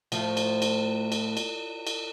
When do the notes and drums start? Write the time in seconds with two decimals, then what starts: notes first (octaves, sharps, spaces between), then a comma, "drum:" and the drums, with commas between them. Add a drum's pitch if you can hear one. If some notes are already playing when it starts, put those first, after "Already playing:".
0.12 A2 F3 A3, drum: cymbal
0.37 drum: cymbal
0.62 drum: cymbal
1.12 drum: cymbal
1.37 drum: cymbal
1.87 drum: cymbal